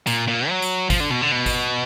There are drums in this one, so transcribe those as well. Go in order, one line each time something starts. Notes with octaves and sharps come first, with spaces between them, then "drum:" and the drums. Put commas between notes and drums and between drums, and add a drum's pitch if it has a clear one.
A#2, drum: tambourine
A#2
F#3
drum: tambourine
F3, drum: kick G#1, tambourine
D3
B2
D3
B2
drum: kick G#1, tambourine